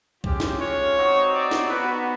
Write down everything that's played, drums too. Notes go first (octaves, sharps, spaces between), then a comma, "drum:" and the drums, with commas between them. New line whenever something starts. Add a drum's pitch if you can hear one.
G#3 C#4 F4 G4, drum: kick B1
drum: snare
C#5
C4 D#4 F#4
D5
drum: snare
B3 D#4 F#4 B4